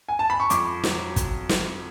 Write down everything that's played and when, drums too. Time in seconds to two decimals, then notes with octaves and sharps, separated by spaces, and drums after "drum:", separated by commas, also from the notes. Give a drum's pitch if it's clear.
0.09 G#5
0.19 A5
0.30 B5
0.40 C#6
0.50 F2 D6, drum: hi-hat
0.83 F#3, drum: snare
1.16 drum: kick, hi-hat
1.49 drum: snare